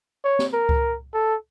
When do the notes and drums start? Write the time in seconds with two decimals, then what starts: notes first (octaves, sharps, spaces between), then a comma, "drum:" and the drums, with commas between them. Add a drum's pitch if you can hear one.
0.24 C#5
0.39 drum: snare
0.53 A#4
0.69 drum: kick C#2
1.14 A4